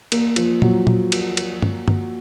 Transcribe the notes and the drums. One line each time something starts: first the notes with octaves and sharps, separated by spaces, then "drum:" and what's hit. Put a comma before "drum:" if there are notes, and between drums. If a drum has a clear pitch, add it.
A#3, drum: cymbal
F3, drum: cymbal
F#3, drum: tom A#2
drum: tom A#2
drum: cymbal
drum: cymbal
drum: tom G2
drum: tom G2